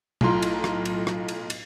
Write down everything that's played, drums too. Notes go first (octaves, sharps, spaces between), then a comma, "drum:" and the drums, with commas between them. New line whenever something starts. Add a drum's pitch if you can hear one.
B1 A2 F4 A#5 C6, drum: tom B2
drum: cymbal
drum: rim click
drum: cymbal
drum: rim click
drum: cymbal
drum: cymbal